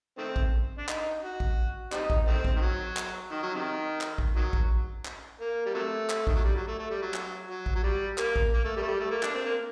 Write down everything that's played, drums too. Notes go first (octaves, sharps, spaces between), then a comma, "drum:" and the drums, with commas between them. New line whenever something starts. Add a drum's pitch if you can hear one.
D#3 A3 C4
drum: kick A1
D4
D#4, drum: clap
F#4
drum: kick A1
G3 C4 D#4, drum: clap
drum: kick A1
D#3 A3 C4
drum: kick A1
D#3
F#3
drum: clap
D#3
F#3
C3 D#3
drum: clap
drum: kick A1
D#3 F#3
drum: kick A1
drum: clap
A#3
G3
C3 F#3 A3
drum: clap
D#3, drum: kick A1
F#3
G3
F#3
A3
A3
G3
F#3
drum: clap
F#3
drum: kick A1
F#3
G3
A#3, drum: clap
drum: kick A1
A#3
A3
G3
A3
G3
A3
A#3
D4, drum: clap
C4
A#3